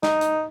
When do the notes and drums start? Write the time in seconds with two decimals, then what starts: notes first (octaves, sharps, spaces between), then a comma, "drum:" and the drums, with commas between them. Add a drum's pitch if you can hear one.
0.03 D#4, drum: snare
0.21 drum: hi-hat